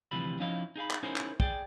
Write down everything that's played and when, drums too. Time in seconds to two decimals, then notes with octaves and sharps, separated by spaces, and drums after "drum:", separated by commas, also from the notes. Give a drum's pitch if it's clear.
0.11 D2 C3 E3 F3 G3 B5
0.39 F3 C#4 D#4 E4 D#5 F5
0.76 D#4 G#4 F5 B5
0.91 drum: clap
1.03 C#4 D#4 E4 G#4 A#4 C5
1.16 drum: clap
1.40 G#4 D5 G5, drum: kick